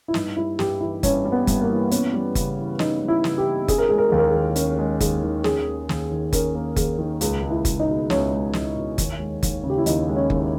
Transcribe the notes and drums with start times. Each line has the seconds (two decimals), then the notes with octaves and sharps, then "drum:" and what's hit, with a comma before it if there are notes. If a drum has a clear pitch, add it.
0.08 E4
0.14 G2 D#4, drum: snare
0.36 G3 E4
0.59 G2 G4, drum: snare
0.81 E3 E4
1.03 G2 C#4, drum: kick F#1, hi-hat
1.25 G3
1.32 B3
1.47 G2, drum: kick F#1, hi-hat
1.61 A#3
1.69 E3
1.91 B3 C#4, drum: hi-hat
2.14 G3
2.35 C#3, drum: kick F#1, hi-hat
2.58 E3
2.79 C#4 D#4, drum: snare
3.01 G3
3.08 E4
3.24 C#3, drum: snare
3.38 G4
3.45 E3
3.68 C#4 G#4, drum: kick F#1, hi-hat
3.78 A#4
3.89 G#3 G#4
3.98 A#4
4.08 D#2 G#4
4.18 A#4
4.29 G#4
4.34 D#3
4.56 C#4 A#4, drum: hi-hat
4.79 G#3
5.00 D#2 G#4, drum: kick F#1, hi-hat
5.23 D#3
5.44 C#4 G#4, drum: snare
5.67 A#3
5.89 D#2, drum: snare
6.11 D#3
6.33 C#4 A#4, drum: kick F#1, hi-hat
6.55 A#3
6.76 D#2 G#4, drum: kick F#1, hi-hat
6.99 D#3
7.21 C#2 G#4, drum: hi-hat
7.43 G#3
7.50 E4
7.65 C#2, drum: kick F#1, hi-hat
7.80 D#4
7.87 B2
8.10 C#2 C#4, drum: snare
8.32 G#3
8.53 C#2, drum: snare
8.76 B2
8.98 D#2, drum: kick F#1, hi-hat
9.19 G#3
9.43 D#2, drum: kick F#1, hi-hat
9.64 C#3
9.70 G4
9.78 E4
9.86 D#2 D#4, drum: hi-hat
10.08 G#3
10.16 C#4
10.30 D#2, drum: kick F#1